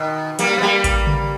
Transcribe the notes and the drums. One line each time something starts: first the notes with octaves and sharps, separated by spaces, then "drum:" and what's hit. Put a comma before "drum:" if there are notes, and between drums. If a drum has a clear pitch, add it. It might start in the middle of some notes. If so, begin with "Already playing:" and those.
Already playing: B2 D#3
G3 A#3, drum: hi-hat
B3
G3 A#3
drum: kick A1, hi-hat
drum: tom C#3